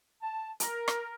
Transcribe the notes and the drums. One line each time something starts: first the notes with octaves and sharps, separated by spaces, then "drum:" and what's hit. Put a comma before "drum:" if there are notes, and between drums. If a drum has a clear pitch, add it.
A5
A#4, drum: hi-hat
drum: rim click